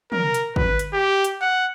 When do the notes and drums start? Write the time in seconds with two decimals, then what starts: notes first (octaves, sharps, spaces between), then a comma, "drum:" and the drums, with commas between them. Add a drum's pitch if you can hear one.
0.12 A#4, drum: tom
0.34 drum: hi-hat
0.56 B4, drum: kick
0.79 drum: hi-hat
0.93 G4
1.24 drum: hi-hat
1.41 F#5